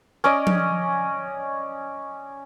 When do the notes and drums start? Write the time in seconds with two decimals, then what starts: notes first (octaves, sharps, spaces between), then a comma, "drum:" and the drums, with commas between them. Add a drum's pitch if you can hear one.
0.24 C#4 D5 D#5
0.47 drum: tom F3